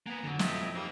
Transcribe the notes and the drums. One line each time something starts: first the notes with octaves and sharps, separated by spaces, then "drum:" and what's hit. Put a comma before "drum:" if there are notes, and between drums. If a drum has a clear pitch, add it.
A#3 B3 F#5 G#5 A#5
F2 B2 D3 F#3
F4 A4 D#5 E5 G5, drum: snare
G3 A#3 D#4 C5 E6